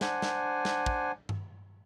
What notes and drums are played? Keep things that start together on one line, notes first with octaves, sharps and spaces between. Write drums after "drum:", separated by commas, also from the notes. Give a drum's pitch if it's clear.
D4 C5 F#5 G#5, drum: snare
drum: snare
drum: snare
drum: kick
drum: tom G2